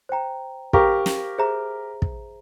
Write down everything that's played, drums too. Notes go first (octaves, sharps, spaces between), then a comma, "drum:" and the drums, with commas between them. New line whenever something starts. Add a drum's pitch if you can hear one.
C5 G5 A#5
G4 A#4 C5 F5 A#5 C#6, drum: kick
drum: snare
G#4 C5 E5 A#5
drum: kick